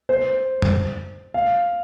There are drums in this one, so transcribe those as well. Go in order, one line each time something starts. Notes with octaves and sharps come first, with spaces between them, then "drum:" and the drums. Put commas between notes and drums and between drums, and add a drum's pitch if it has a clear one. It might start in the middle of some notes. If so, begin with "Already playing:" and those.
C5
drum: tom F2
F5